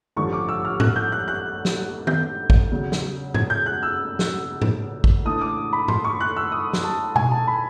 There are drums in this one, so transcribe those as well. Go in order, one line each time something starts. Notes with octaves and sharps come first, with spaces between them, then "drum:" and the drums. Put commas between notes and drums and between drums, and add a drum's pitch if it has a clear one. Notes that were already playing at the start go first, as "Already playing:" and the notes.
A1 G2 D3 F3 C#6
D6
E6
F6
F#6, drum: tom G#2
G6
F#6
F#6
drum: snare
G6, drum: tom D#3
drum: kick
E2 C#3 F#3
drum: snare
G#6, drum: tom G#2
G6
F#6
E6
drum: snare
drum: tom G#2
drum: kick
A2 E3 A3 D4 D#6
D6
B5
C6, drum: tom G#2
C#6
F#6
E6
D#6
drum: snare
A5
G#5, drum: tom B2
A5
B5